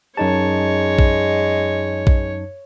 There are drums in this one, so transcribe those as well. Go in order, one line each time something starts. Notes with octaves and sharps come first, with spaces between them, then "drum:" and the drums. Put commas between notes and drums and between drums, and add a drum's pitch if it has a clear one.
F#2 G#3 D#4 C#5 A5
drum: kick A#1
drum: kick A#1